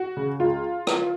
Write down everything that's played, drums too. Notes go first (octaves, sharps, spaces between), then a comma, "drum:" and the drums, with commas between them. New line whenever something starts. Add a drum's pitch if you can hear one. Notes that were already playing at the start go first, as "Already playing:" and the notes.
Already playing: F#4
C#3
C#2 F4
drum: rim click